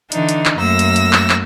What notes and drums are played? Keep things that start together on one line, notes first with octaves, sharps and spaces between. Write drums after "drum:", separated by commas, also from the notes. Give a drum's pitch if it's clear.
D3 E3 D4 D#4, drum: hi-hat
drum: hi-hat
drum: clap
F#2 A3 A#3 E6 A#6
drum: hi-hat
drum: hi-hat
drum: clap
drum: clap